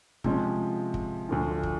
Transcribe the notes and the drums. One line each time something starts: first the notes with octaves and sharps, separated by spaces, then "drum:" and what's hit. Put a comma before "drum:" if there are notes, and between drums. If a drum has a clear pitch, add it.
C3 F3 G#3 C#4, drum: kick
drum: kick
D2 D3 F3
drum: kick